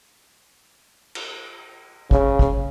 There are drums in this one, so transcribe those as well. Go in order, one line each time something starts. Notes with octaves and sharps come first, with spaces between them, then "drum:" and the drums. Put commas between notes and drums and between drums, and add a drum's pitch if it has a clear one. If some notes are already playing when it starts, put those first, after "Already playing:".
drum: cymbal
C#3, drum: kick G#1
drum: kick G#1